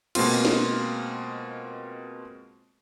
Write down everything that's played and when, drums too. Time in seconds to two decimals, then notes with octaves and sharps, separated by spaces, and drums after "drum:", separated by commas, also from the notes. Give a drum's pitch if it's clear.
0.15 B2 G#3 A#3 C4 F4, drum: cymbal
0.45 drum: snare